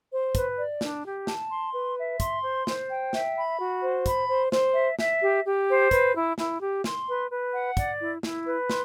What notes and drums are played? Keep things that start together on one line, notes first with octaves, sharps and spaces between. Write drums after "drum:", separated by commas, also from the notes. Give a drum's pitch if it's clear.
C5
B4, drum: kick, hi-hat
D5
D4, drum: snare
G4
A5, drum: snare
C6
B4
E5
C6, drum: kick, hi-hat
C5
C5, drum: snare
G5
E5, drum: snare
B5
F#4
C5
B5, drum: kick, hi-hat
C5
C5, drum: snare
E5
E5, drum: snare
G4
G4
C5
B4, drum: kick, hi-hat
E4
E4, drum: snare
G4
C6, drum: snare
B4
B4
F#5
D5, drum: kick, hi-hat
E4
E4, drum: snare
B4
C6, drum: snare